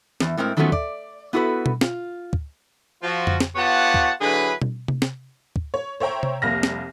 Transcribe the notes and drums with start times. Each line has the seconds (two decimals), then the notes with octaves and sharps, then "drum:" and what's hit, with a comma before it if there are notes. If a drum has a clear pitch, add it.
0.20 E2, drum: snare
0.37 A2 G#3 C4 A#4
0.57 D#3 F3 F#3 A3 B3 C#4
0.72 D5, drum: kick
1.33 B3 E4 F#4 A4 B4
1.66 drum: tom B2
1.81 F4, drum: snare
2.33 drum: kick
3.03 F3 F4 F#4
3.27 drum: tom F2
3.40 drum: snare
3.56 B3 F4 G4 C#5 F#5 A5
3.94 drum: kick
4.21 D3 F#3 E4 G#4 B4
4.62 drum: tom B2
4.88 drum: tom C3
5.02 drum: snare
5.56 drum: kick
5.74 C#5
6.00 C5 C#5 E5 G5 A#5 C#6
6.23 drum: tom C3
6.42 F1 C2 A#3 F6 A#6
6.63 drum: snare